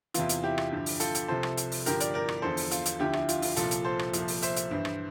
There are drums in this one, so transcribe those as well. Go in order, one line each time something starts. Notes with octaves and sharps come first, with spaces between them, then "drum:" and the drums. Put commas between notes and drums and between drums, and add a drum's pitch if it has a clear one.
E2 C3 E3 F4, drum: hi-hat
drum: hi-hat
E4 G4
drum: rim click
G2 D3 F3
drum: open hi-hat
F4 A4, drum: hi-hat
drum: hi-hat
C2 C3 F3 A4 C5
drum: rim click
drum: hi-hat
drum: open hi-hat
G2 D3 F3 G4 A#4, drum: hi-hat
A#4 D5, drum: hi-hat
A#4 D5
drum: rim click
E2 D3 F3 A4 C5
drum: open hi-hat
F4, drum: hi-hat
drum: hi-hat
D2 D3 F3 E4 G4
E4 G4, drum: rim click
F4, drum: hi-hat
F4, drum: open hi-hat
C2 A#2 F3 F4 A4, drum: hi-hat
drum: hi-hat
A4 C5
drum: rim click
C2 A#2 F3, drum: hi-hat
drum: open hi-hat
C5 E5, drum: hi-hat
drum: hi-hat
G2 E3
drum: rim click